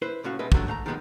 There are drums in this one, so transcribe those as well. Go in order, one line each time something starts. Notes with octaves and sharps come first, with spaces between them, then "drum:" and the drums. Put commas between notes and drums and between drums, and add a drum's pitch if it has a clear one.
E4 B4 C5
C2 A2 C#4 F#4 F5
B2 G3 G#3 B4 D#5 E5
A2 C3 F#3 A3 D4, drum: kick
G#2 A3 F5 A#5
D#3 F3 G3 G#3 B3 D#4